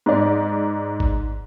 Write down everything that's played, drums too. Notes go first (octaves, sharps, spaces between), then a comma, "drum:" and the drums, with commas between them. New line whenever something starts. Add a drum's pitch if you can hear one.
G#2 D5
drum: kick G#1